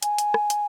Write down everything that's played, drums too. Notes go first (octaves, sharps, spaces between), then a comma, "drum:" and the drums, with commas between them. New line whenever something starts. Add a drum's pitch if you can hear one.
G#5, drum: hi-hat
drum: hi-hat
drum: rim click
drum: hi-hat